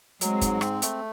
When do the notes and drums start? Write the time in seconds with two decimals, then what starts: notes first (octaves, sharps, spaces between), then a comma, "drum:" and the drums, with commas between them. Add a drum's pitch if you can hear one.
0.21 F#3 G#3 C4, drum: hi-hat
0.41 G#2, drum: kick, hi-hat
0.61 C4, drum: rim click
0.82 A3, drum: hi-hat